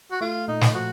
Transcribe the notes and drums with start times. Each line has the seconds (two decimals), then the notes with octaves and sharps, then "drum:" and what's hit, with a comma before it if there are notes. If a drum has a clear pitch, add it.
0.12 F#4
0.21 A3 F4
0.48 A#2 D#4
0.61 drum: snare
0.74 F3 F#4